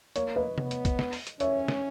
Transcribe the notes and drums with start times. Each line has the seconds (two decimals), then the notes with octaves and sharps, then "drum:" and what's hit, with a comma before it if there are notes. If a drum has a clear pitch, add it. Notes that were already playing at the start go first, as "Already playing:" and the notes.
0.16 A#3 C#5, drum: hi-hat
0.36 B4 D#5
0.58 B3, drum: tom C3
0.71 drum: hi-hat
0.85 drum: kick, hi-hat
0.99 drum: snare
1.13 drum: open hi-hat
1.27 drum: hi-hat
1.40 C#4 C#5 E5, drum: hi-hat
1.68 drum: snare